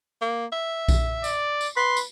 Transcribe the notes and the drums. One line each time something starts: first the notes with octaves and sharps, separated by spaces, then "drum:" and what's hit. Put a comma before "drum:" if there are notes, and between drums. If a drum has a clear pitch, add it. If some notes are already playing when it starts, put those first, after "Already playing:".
A#3
E5
drum: kick B1, tambourine
D5, drum: tambourine
drum: tambourine
B4 C6
drum: tambourine